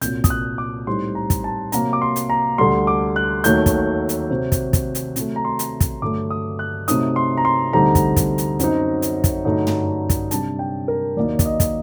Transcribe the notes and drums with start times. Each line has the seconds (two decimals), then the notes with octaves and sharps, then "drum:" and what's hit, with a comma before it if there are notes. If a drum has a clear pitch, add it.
0.01 C2 A#2 F#3 G6, drum: hi-hat
0.24 D#6, drum: kick, hi-hat
0.30 F#6
0.58 D6
0.87 A2 G3 C4 D#4 C6
1.15 A#5
1.30 drum: kick, hi-hat
1.44 A5
1.72 C3 F#3 A#3 A#5, drum: hi-hat
1.93 D6
2.02 C6
2.16 drum: hi-hat
2.30 A#5
2.58 D2 D3 G3 C6
2.87 D6
3.16 F#6
3.44 D#2 D#3 F#3 A3 G6, drum: hi-hat
3.66 drum: kick, hi-hat
4.09 drum: hi-hat
4.30 C3 F#3 C4
4.52 drum: kick, hi-hat
4.73 drum: kick, hi-hat
4.95 drum: hi-hat
5.16 C3 F#3 A3, drum: hi-hat
5.36 A#5
5.45 C6
5.59 drum: hi-hat
5.80 drum: kick, hi-hat
6.02 G2 D3 F#3 A3 D6
6.30 D#6
6.59 F#6
6.88 C3 F#3 A3 C4 D#4 D#6, drum: hi-hat
7.16 C6
7.37 A#5
7.45 C6
7.73 D2 D3 G3 C4 D#4 A#5
7.95 drum: kick, hi-hat
8.16 drum: kick, hi-hat
8.38 drum: hi-hat
8.59 F#2 F#3 C4 D#4, drum: hi-hat
9.02 drum: hi-hat
9.24 drum: kick, hi-hat
9.45 G2 D3 F#3 A3 D#4
9.67 drum: tom
10.10 drum: kick, hi-hat
10.31 C3 G3 D4 A5, drum: hi-hat
10.59 G5
10.88 A#4
11.17 D#2 D#3 F#3 A#3 D#4 D5
11.39 D5, drum: kick, hi-hat
11.45 D#5
11.60 drum: kick, hi-hat